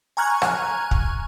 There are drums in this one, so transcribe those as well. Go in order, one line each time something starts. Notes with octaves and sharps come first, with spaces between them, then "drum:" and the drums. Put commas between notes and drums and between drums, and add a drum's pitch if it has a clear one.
G#5 A#5 C#6 F6 F#6 G#6
drum: rim click
drum: kick